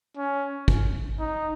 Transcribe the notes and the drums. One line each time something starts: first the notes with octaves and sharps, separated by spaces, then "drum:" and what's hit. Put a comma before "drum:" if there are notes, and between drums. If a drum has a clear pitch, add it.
C#4
drum: kick
D#4